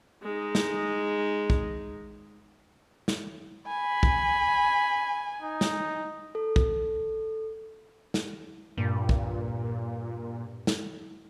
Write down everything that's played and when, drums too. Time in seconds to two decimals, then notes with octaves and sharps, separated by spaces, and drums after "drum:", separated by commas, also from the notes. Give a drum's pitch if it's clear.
0.22 G#3 D#4
0.55 drum: snare
1.50 drum: kick
3.08 drum: snare
3.67 G#5 B5
4.03 drum: kick
5.42 D#4
5.61 drum: snare
6.35 A4
6.56 drum: kick
8.14 drum: snare
8.77 G2 A#2
9.09 drum: kick
10.67 drum: snare